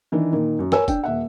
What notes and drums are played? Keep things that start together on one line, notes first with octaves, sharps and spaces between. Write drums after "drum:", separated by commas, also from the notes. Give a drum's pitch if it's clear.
D#3 E3 D4
A#2 D#3 A#4
F#2
A#4 B4 C#5 G#5 E6, drum: snare
D4 G5, drum: kick, tambourine
D#1 E5 F#5